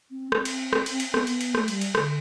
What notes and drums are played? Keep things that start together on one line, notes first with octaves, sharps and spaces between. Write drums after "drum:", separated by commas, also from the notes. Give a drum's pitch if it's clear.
C4
C4, drum: rim click
drum: cymbal
drum: rim click
drum: cymbal
drum: cymbal
B3, drum: rim click
drum: cymbal
drum: cymbal
A3, drum: rim click
G3, drum: cymbal
drum: cymbal
D3, drum: rim click